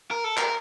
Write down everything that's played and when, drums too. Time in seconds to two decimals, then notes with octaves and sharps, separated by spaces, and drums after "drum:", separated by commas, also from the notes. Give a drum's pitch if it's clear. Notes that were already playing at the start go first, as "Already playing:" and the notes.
0.11 A#4
0.24 A4
0.37 A#4, drum: clap